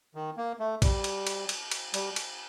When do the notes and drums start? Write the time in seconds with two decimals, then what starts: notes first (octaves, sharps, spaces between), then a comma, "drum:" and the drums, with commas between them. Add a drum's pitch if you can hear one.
0.15 D#3
0.37 A#3
0.59 A3
0.82 G3, drum: kick A#1, cymbal
1.04 drum: cymbal
1.27 drum: cymbal
1.49 drum: cymbal
1.71 drum: cymbal
1.94 G3, drum: cymbal
2.16 drum: cymbal